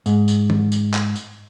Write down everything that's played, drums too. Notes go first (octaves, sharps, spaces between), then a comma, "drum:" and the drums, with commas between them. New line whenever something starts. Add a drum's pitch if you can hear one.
G#2, drum: tambourine
drum: tambourine
drum: tom D#3
drum: tambourine
drum: clap
drum: tambourine